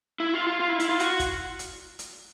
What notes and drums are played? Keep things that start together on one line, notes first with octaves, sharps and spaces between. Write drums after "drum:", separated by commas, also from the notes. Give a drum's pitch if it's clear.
E4
F4
F4
F4
E4
E4, drum: hi-hat
F4
F#4, drum: hi-hat
drum: kick, hi-hat
drum: hi-hat
drum: hi-hat